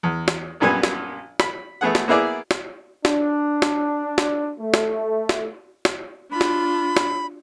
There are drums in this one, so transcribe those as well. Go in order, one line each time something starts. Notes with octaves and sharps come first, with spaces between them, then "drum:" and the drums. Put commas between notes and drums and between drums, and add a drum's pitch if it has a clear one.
E2
drum: snare
A#1 F#2 A#2 G3 B3 G#5
drum: snare
B5, drum: snare
A3 B3 G#4 F#5
drum: snare
A#3 B3 E4 G#4 D5
drum: snare
D4, drum: snare
drum: snare
drum: snare
A3
drum: snare
drum: snare
drum: snare
D4 F4 B5
drum: snare
drum: snare